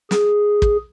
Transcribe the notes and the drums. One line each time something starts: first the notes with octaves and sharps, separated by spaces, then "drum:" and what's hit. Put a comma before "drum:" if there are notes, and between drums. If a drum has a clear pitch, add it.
G#4, drum: snare
drum: kick